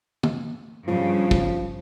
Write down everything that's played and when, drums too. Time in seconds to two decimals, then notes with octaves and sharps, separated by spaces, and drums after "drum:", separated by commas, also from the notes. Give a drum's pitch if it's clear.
0.23 drum: tom
0.88 G2 C#3 F3
1.31 drum: kick